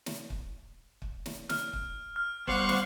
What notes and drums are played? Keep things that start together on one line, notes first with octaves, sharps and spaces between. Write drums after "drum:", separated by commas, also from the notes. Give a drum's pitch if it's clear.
drum: snare
drum: kick
drum: kick
drum: snare
F6, drum: snare
drum: kick
F6
G3 B3 C5 F5 F#5 C#6, drum: kick
drum: snare